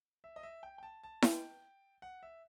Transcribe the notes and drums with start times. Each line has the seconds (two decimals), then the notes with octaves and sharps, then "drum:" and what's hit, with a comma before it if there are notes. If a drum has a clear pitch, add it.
0.24 E5
0.36 D#5
0.43 E5
0.63 G5
0.78 G5
0.83 A5
1.04 A5
1.22 G5, drum: snare E4
2.02 F#5
2.23 E5